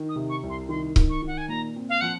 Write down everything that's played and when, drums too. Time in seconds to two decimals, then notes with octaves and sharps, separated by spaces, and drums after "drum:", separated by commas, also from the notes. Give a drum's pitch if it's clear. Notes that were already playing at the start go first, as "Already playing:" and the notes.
Already playing: D#3
0.09 D#6
0.16 C3
0.29 C#6
0.43 C2
0.50 C6
0.69 D#3 C6
0.96 D#3, drum: kick C#1
1.10 C#6
1.22 D#3 F#5
1.38 G#5
1.49 A#2 A#5
1.76 C4
1.90 F5
2.01 F3 F#5